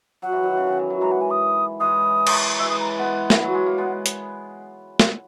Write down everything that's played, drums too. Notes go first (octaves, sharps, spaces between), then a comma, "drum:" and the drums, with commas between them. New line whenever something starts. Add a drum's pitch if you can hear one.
F#3 F#5
E3
D#3 F#3
C#3
D#3
E3
F#3
E3 G#3 A#5
F#5
G#5
D#6
E3 G#3 D#6
drum: cymbal
E3 G#3 E6
D#6
A#5
G#3 B3 F#5
E3, drum: snare
F#3
G#3
A#3
G#3 B3 F#5
drum: hi-hat
drum: snare